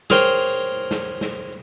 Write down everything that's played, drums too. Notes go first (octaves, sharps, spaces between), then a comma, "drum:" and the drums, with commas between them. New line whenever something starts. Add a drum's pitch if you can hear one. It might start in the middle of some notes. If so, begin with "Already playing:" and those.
G#4 A#4 C5 C#5 G5, drum: snare
drum: snare
drum: snare